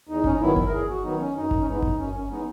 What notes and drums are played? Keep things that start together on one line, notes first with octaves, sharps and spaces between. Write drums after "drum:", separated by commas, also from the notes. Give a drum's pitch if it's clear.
E2 D#4
C#4, drum: kick G1
D#4
D#3 F#3 B3 E4
drum: kick G1
A#4
E2 G#4
F#4
D#3 F#3 B3 D#4
C#4
F#2 D#4
drum: kick G1
C#4
E3 G#3 B3 D#4
drum: kick G1
F#2 C#4
C#4
E3 G#3 B3 D#4